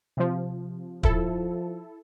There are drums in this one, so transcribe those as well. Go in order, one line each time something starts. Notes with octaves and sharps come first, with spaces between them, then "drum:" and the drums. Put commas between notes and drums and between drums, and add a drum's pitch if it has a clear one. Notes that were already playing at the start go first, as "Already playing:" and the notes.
C3 F3
F3 E4 A4, drum: kick